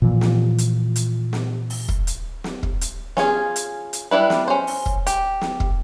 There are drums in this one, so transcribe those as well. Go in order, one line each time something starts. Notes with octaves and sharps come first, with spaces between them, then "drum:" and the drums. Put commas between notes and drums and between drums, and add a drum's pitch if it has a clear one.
A#2 E3 F3
drum: snare
drum: hi-hat
drum: hi-hat
drum: snare
drum: open hi-hat
drum: kick
drum: hi-hat
drum: snare
drum: kick
drum: hi-hat
C#4 F4 G#4, drum: snare
drum: hi-hat
drum: hi-hat
G3 D4 E4 B4
drum: snare
C#4 C5
drum: open hi-hat
drum: kick
G4, drum: hi-hat
drum: snare
drum: kick